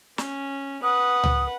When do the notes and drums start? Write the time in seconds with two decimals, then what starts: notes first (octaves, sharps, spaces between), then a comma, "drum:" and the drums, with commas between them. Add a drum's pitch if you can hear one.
0.18 C#4, drum: snare
0.83 B4 F#5 D#6
1.24 drum: tom C#2